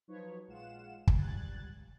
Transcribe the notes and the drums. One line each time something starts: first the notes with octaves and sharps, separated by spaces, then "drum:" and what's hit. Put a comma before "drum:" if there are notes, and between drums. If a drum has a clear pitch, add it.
F3 F#3 D#4 B4 C#5
A#1 G#3 F4 F5 F#5 E7
drum: kick
C#2 G3 F#6 G#6 A6